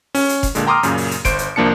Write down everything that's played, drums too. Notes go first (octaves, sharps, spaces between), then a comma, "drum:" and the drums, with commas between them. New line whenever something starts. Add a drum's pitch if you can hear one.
C#4, drum: open hi-hat
drum: hi-hat
drum: kick F1, hi-hat
A#2 D3 G#3, drum: hi-hat
G5 A#5 C6 D6 D#6 F6
F#2 A#2 C#3, drum: hi-hat
drum: open hi-hat
drum: hi-hat
G1 C5 D7, drum: kick F1, hi-hat
drum: hi-hat
C2 F3 A#3 D4 A5 C#7